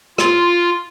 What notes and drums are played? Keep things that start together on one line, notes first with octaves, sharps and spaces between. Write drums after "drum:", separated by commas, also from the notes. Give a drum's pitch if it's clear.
F4, drum: rim click